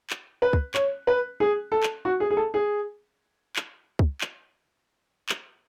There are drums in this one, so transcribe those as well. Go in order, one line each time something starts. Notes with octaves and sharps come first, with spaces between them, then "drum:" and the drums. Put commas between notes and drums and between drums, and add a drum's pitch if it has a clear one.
drum: clap
B4
drum: kick
C#5, drum: clap
B4
G#4
A4
drum: clap
F#4
G#4
G#4
A4
G#4
drum: clap
drum: kick
drum: clap
drum: clap